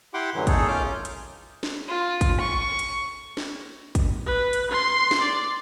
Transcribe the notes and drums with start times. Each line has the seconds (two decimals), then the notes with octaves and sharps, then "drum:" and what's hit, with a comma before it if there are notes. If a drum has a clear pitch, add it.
0.14 E4 G4 F#5 G5 C6 D6
0.34 F#2 A2 D3 E3 F#3
0.47 E2 D#4 G#4 A4 C#5, drum: kick, hi-hat
0.68 F#2 C#4 F4 D6 F6 G6
1.05 drum: hi-hat
1.63 drum: snare
1.89 F4
2.21 drum: kick, hi-hat
2.40 C#6
2.79 drum: hi-hat
3.37 drum: snare
3.95 drum: kick, hi-hat
4.27 B4
4.53 drum: hi-hat
4.72 C6
5.11 drum: snare
5.21 D5